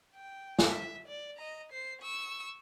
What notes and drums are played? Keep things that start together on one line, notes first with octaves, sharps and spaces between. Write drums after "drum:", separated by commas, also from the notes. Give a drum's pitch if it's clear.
G5
drum: snare
E5
D5
D#5 A#5
C5 C7
C#6 E6